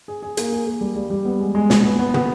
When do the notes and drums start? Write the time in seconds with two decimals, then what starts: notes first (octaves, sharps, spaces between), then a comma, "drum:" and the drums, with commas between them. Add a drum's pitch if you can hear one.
0.08 G#4
0.22 G#4
0.37 A#3, drum: hi-hat
0.52 G#4
0.67 A#3
0.81 G3
0.96 G3
1.10 G3
1.25 B3
1.40 G#3
1.55 G#3
1.70 B2, drum: snare
1.84 B3
1.99 B3
2.14 B3, drum: tom